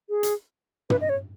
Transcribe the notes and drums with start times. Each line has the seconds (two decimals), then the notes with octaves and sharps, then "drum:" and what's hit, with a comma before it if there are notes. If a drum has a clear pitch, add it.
0.09 G#4
0.23 drum: hi-hat
0.90 B4, drum: tom
1.01 D#5
1.09 C#5